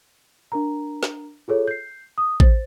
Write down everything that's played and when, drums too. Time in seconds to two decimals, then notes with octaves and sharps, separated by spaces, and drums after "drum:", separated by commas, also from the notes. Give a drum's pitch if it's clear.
0.52 D4 A#4 A#5
1.03 drum: snare
1.48 F4 G#4 A4 C#5
1.68 G6 C7
2.18 D#6
2.40 C5 A6, drum: kick A1